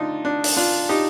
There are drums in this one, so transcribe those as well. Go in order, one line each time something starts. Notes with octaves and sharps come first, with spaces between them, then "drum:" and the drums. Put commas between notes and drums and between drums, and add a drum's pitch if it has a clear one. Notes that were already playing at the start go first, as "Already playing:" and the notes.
Already playing: D3 A3 D4 D#4 F4
D4
drum: open hi-hat
D4 F4
D#4 G4